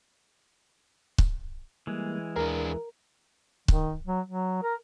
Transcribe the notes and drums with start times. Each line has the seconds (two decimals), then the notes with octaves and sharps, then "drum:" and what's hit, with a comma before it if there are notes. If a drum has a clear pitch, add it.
1.18 drum: kick C#1
1.87 E3 G3 G#3 A#3
2.36 D#2 D4 G#4 A#4
3.68 D#3, drum: kick C#1
4.07 F#3
4.27 F#3
4.62 A#4